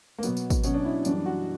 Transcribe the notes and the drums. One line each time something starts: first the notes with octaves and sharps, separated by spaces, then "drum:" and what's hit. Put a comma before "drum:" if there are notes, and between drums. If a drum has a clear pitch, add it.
A#3
B2 F#3 B3, drum: tambourine
drum: tambourine
drum: kick, tambourine
B2 F#3 C#4, drum: tambourine
D4
E4
F#2 E3 G3 D4, drum: tambourine
F#4